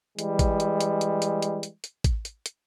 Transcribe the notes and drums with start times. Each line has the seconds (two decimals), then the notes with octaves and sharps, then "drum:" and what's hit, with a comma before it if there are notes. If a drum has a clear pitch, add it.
0.19 E3 G3 G#3, drum: hi-hat
0.39 drum: kick A1, hi-hat
0.60 drum: hi-hat
0.81 drum: hi-hat
1.01 drum: hi-hat
1.22 drum: hi-hat
1.42 drum: hi-hat
1.63 drum: hi-hat
1.84 drum: hi-hat
2.04 drum: kick A1, hi-hat
2.25 drum: hi-hat
2.46 drum: hi-hat